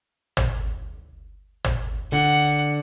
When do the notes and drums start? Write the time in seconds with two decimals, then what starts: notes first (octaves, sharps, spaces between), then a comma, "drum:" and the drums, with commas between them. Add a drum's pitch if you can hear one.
0.37 drum: tom
1.64 drum: tom
2.12 D3 F#5